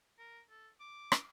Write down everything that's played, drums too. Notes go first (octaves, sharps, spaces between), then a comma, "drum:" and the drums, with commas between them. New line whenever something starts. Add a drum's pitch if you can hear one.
A#4
A4
D6
drum: rim click